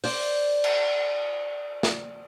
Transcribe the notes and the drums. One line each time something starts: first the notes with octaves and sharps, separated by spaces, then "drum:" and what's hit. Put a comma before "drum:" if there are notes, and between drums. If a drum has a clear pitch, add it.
C5 D5, drum: open hi-hat
drum: cymbal
drum: snare